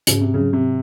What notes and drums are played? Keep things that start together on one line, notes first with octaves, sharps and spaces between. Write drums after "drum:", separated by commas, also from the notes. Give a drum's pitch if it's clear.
G#2 C#3, drum: hi-hat
C3
C#3 F#3
C3